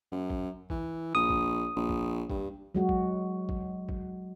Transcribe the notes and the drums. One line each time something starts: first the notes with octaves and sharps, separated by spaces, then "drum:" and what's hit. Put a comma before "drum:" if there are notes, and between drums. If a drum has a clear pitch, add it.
F#2
drum: kick
E3, drum: kick
A#1 D#6
drum: kick
A#1
drum: kick
G2, drum: kick
F#3 G#3 F#4
drum: kick
drum: kick
drum: kick